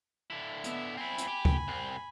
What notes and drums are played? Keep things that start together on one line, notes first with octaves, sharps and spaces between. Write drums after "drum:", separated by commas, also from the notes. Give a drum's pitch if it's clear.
D3 E4
B3 E5, drum: hi-hat
C4 E4 G#5 B5
drum: hi-hat
G4
drum: kick D2
C2 C4